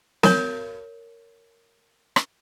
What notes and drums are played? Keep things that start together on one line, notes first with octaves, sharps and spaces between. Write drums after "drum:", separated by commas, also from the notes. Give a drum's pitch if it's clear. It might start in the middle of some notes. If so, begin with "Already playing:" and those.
A#4 C#5, drum: snare
drum: rim click